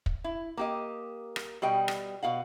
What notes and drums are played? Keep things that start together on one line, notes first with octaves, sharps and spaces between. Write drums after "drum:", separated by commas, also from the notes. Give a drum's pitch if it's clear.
drum: kick
E4
A#3 G4 D#5
drum: rim click
B2 G3 D#5 G5
drum: rim click
B2 F5 F#5